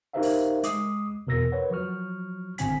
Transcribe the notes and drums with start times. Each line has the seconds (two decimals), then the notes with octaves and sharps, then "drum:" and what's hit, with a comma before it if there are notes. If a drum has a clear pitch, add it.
0.13 D#4 G4 A#4 C5 E5 F5
0.23 drum: open hi-hat
0.63 G#3 D6 D#6 C7, drum: hi-hat
1.27 E2 B2 A#4 E6 A#6
1.52 A#4 B4 C#5 F#5
1.70 F3 F#3 C#6 F6
2.58 G#1 A2 D3 C4 G#5 B6, drum: hi-hat